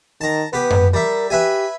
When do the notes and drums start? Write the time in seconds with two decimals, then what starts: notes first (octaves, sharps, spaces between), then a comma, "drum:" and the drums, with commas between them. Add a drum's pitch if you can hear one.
0.21 D#3 A5 A#5
0.53 B3 G4 B4
0.70 drum: tom F#2
0.94 G3 A#4 E5
1.30 G4 B4 E5 G#5